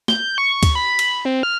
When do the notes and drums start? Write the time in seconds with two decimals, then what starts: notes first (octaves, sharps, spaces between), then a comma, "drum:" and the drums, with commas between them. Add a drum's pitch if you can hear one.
0.08 G6, drum: snare
0.38 C#6
0.63 drum: kick D2, cymbal
0.75 B5
0.99 drum: cymbal
1.25 C4
1.43 F6